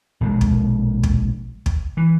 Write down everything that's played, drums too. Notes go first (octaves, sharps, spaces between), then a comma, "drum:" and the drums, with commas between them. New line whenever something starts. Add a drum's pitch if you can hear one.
A#1 B2 D3 G#3
drum: kick
drum: kick
drum: kick
E3